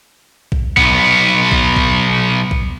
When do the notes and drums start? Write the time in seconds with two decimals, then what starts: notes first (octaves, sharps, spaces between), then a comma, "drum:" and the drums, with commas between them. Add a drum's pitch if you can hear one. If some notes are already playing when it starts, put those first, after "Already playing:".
0.52 drum: kick A#1
0.77 B1 B3, drum: kick A#1
1.52 drum: kick A#1
1.76 drum: kick A#1
2.51 drum: kick A#1